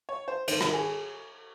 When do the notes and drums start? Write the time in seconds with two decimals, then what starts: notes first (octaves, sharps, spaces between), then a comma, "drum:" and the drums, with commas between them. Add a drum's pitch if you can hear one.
0.09 C#5
0.28 C5
0.47 G#2 D#3 C5, drum: cymbal
0.61 A#4, drum: rim click
0.73 G#4